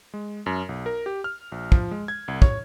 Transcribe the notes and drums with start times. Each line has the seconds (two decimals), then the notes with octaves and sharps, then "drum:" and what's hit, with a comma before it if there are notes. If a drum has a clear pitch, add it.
0.14 G#3
0.46 F#2
0.69 B1
0.86 A#4
1.06 G4
1.24 F6
1.52 A#1
1.72 F3, drum: kick
1.91 G#3
2.08 G#6
2.28 C2
2.42 C#5, drum: kick